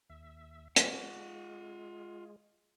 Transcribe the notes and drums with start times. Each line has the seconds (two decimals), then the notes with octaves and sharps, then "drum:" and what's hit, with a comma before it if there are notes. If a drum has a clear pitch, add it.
0.10 D#2 E5
0.76 G#3 F4 F#5, drum: hi-hat